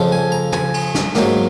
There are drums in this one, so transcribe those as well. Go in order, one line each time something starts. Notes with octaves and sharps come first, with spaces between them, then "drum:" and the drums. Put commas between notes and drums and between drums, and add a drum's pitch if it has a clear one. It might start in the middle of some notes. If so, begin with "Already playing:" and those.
Already playing: F2 C#3 F3
G#5
A#5
G#5, drum: tom
drum: cymbal
drum: snare
G#2 F#3 A#3, drum: snare